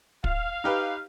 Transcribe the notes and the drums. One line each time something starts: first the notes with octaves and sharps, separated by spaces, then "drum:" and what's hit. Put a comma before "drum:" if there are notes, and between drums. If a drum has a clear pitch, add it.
F5, drum: kick
D#4 G4 B4